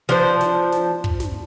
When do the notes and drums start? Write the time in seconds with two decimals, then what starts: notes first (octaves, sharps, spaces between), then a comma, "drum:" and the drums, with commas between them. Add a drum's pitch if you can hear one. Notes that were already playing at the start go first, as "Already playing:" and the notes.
0.09 F3 D4 C5
0.41 drum: snare
0.72 drum: snare
1.04 drum: kick
1.20 drum: snare